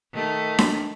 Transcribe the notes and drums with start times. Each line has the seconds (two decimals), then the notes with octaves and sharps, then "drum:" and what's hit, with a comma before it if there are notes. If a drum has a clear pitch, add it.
0.12 D#3 A3
0.59 drum: snare D4